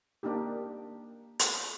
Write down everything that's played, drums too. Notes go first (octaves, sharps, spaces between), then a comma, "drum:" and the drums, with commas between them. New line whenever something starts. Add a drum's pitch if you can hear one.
A#3 D4 D#4 G4
drum: hi-hat